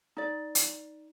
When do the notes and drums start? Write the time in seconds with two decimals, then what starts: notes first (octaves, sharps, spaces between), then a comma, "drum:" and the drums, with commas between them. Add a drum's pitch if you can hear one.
0.17 D#4 D5
0.55 drum: hi-hat